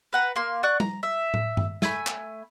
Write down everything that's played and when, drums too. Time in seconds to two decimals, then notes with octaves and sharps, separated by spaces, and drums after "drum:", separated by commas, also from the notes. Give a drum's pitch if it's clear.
0.13 B4 F#5 A#5
0.36 A#3 C6
0.63 D5 F#5 C#6 F#6
0.80 A#5, drum: tom
1.03 E5
1.34 drum: tom A2
1.57 drum: tom G2
1.82 A3 G#5 B5, drum: snare
2.06 drum: clap